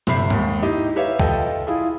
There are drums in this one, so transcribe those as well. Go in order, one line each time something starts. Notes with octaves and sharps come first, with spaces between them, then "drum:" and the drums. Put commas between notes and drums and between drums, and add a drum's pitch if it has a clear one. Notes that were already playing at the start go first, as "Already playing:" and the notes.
G1 C3 E5 B5 C7, drum: snare
D#2 G#2, drum: tom G#2
D#4 E4 G4 D#5
G4 B4 C#5 E5 F5
F4 A4 B4 D#5 G5, drum: kick
E4 F4 G#4